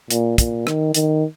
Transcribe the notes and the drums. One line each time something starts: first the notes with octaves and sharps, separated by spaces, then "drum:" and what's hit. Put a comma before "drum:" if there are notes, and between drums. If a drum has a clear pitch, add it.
A#2, drum: hi-hat
A#2, drum: kick, hi-hat
D#3, drum: rim click
D#3, drum: hi-hat